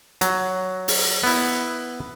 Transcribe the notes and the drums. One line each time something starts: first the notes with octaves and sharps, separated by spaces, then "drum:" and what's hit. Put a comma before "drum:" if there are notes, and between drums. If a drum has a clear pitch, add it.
F#3, drum: hi-hat
drum: open hi-hat
B3 E4